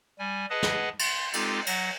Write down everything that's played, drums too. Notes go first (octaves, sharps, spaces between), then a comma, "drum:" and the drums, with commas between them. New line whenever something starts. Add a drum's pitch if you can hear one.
G3 G#5
G#4 B4 D#5 F#5 A5
drum: snare
C6, drum: cymbal
G#3 C4 D#4 F4 G4 A4, drum: cymbal
F#3 F#5 A#6, drum: cymbal